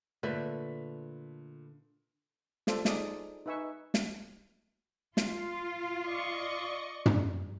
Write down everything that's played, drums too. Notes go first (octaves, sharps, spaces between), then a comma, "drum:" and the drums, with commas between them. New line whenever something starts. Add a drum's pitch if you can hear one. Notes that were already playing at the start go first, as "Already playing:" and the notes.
A#2 D3 A3 B4 B6
F4 A4 C5 D5, drum: snare
D#4 G#4 D5 D#6, drum: snare
D#4 B4 E5 G#5 C#6 E6
drum: snare
F4, drum: snare
D5 D#5 C#6
drum: tom